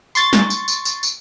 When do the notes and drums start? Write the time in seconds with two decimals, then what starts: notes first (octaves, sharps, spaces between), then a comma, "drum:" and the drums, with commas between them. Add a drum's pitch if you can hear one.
0.15 C6 C#6 A6, drum: tambourine
0.33 drum: snare
0.50 drum: tambourine
0.68 drum: tambourine
0.85 drum: tambourine
1.03 drum: tambourine